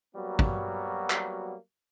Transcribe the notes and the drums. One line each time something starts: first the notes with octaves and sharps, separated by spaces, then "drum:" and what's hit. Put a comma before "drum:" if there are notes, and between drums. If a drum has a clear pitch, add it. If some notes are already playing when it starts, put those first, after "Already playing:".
F#3 G3 A#3 B3 F#4
drum: kick
drum: clap